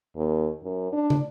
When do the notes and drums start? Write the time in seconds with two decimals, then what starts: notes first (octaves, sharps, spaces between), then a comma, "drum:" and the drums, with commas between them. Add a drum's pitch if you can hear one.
0.16 D#2
0.63 F#2
0.92 D4
1.10 drum: tom